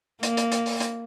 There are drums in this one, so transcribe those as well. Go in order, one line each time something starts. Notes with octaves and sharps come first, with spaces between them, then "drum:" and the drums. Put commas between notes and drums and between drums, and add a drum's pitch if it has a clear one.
A#3, drum: hi-hat
drum: hi-hat
drum: hi-hat
drum: open hi-hat
drum: hi-hat